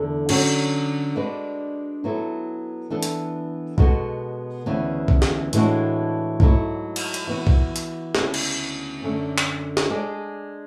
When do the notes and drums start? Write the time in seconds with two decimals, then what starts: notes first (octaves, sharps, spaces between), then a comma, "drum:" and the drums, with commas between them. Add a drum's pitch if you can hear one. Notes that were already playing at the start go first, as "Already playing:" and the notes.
Already playing: E2 D3 A3 A4
0.29 D3 F#3 C#4 F#4, drum: cymbal
1.16 G#3 D4 F#4 B4 D5
2.04 F#3 B3 E4 A4
2.90 E3 B3 D4 A4
3.03 drum: hi-hat
3.78 B2 G#3 B3 F#4 A4, drum: kick
4.66 D2 C#3 E3 B3
5.08 drum: kick
5.22 drum: snare
5.53 A2 E3 G#3 D4 F#4, drum: hi-hat
6.40 G#2 F#3 A3 E4, drum: kick
6.96 drum: cymbal
7.14 drum: hi-hat
7.27 E3 B3 F#4
7.47 drum: kick
7.76 drum: hi-hat
8.15 D2 C#3 G#3 B3 E4, drum: snare
8.34 drum: cymbal
9.02 F#2 D3 A3 C#4
9.38 drum: clap
9.77 drum: snare
9.90 G#3 D4 G#4 D5